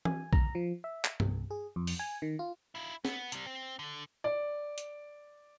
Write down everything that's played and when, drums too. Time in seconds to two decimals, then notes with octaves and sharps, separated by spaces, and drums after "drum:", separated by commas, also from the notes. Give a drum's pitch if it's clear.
0.05 G#5, drum: tom
0.33 A#5, drum: kick B1
0.55 F3
0.84 E5
1.05 drum: clap
1.20 C2, drum: tom G2
1.51 G#4
1.76 F2
1.87 drum: open hi-hat
1.99 G#5
2.22 D#3
2.39 F4
2.75 E4 F4
3.05 B3, drum: snare C4
3.32 C3 G3, drum: hi-hat
3.46 C4
3.79 D3
4.24 D5
4.78 drum: hi-hat